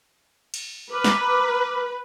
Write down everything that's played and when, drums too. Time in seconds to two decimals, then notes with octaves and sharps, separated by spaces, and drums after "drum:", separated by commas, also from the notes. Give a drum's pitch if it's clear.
0.54 drum: cymbal
0.92 B4 A#5 D6 F6
1.04 drum: snare